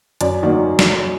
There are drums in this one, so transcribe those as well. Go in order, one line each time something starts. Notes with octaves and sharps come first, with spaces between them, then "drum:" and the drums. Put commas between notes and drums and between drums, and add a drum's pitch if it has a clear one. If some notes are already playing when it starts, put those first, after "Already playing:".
F#2 D5, drum: hi-hat
D#3 F#3 A#3 D5
drum: snare